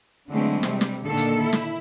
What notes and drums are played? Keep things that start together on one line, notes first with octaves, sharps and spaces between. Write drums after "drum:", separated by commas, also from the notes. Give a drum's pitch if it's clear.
D3 E3 F#3 G#3 A3 C4
C3 G3, drum: snare
drum: snare
A#2 D3 D#3 A#3 D4 A4
drum: hi-hat
E4
drum: snare